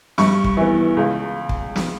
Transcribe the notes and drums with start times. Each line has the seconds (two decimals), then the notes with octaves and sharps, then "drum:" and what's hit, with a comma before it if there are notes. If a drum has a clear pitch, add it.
0.18 G2 C#6, drum: snare
0.44 drum: kick
0.57 E3 B3
0.97 C#2
1.49 drum: kick
1.76 drum: snare